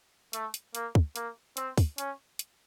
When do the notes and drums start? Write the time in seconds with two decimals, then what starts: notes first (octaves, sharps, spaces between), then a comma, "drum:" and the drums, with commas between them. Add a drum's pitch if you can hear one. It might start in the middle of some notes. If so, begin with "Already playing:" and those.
0.33 A3, drum: hi-hat
0.54 drum: hi-hat
0.75 A#3, drum: hi-hat
0.95 drum: kick
1.16 A#3, drum: hi-hat
1.57 C4, drum: hi-hat
1.78 drum: kick, open hi-hat
1.98 C#4, drum: hi-hat
2.39 drum: hi-hat